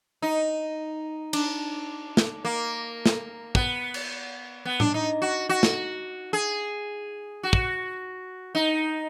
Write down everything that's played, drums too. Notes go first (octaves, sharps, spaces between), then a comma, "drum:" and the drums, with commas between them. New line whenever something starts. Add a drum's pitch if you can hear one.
D#4
D4, drum: cymbal
drum: snare
A#3
drum: snare
B3, drum: kick
drum: cymbal
B3
D4, drum: tom A2
D#4
F#4
F#4
drum: snare
G#4
F#4
drum: kick
D#4